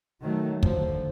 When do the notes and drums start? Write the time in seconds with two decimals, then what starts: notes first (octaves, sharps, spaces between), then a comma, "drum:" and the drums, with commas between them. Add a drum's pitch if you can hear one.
0.22 D#3 F#3 A3
0.63 D3 F3, drum: kick